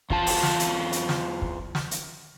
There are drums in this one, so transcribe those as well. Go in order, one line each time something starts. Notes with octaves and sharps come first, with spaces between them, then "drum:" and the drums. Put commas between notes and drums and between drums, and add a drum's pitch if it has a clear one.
E2 F4 A5, drum: kick
drum: open hi-hat
drum: snare
drum: hi-hat
drum: hi-hat
drum: snare
drum: kick
drum: snare
drum: hi-hat